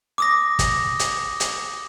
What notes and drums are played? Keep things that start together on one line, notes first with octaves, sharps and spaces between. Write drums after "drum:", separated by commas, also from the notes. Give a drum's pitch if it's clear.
D6 D#6 A#6
drum: kick, hi-hat
drum: hi-hat
drum: hi-hat